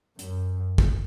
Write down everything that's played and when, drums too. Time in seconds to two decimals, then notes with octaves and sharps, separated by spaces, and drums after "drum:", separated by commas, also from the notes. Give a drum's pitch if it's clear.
0.19 F#2, drum: hi-hat
0.78 drum: kick